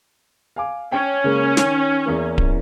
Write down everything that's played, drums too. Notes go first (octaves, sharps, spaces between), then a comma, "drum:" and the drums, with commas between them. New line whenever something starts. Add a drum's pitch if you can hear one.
F5 G#5 D6
C#4 G5
C#3 G#3 A#3
D#3, drum: snare
E2 E3 A#3
drum: kick D1